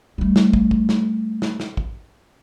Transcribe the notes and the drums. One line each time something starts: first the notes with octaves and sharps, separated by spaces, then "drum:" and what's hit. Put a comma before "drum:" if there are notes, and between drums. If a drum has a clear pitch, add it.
G3 A3
drum: snare
drum: kick
drum: kick
drum: snare
drum: snare
drum: snare
drum: kick